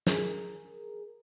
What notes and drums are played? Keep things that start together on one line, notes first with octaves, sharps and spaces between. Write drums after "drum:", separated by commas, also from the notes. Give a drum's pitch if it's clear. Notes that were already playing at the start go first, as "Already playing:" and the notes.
G#4 A#4, drum: snare